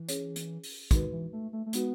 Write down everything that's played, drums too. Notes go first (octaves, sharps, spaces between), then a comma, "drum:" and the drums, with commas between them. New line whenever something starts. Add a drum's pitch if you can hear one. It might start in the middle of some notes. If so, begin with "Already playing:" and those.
Already playing: E3
C#4 G#4 C#5, drum: hi-hat
drum: hi-hat
drum: open hi-hat
D#3 G#3 D#4 F#4 B4, drum: kick, hi-hat
E3
A3
A3
A3
G#3 B3 D#4 F#4 B4, drum: hi-hat